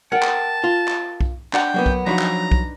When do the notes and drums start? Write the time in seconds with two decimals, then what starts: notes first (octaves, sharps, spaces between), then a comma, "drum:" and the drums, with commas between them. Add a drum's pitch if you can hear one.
0.12 A#4 F#5 G5 A5
0.22 drum: clap
0.64 F4
0.88 drum: clap
1.21 drum: kick B1
1.53 D4 F#5 G5 A#5, drum: clap
1.74 F#3 A#3 B3
1.86 drum: kick B1
2.06 F3 F#3 D4 D#4 F#4 B4 A#5
2.19 drum: clap
2.51 drum: kick B1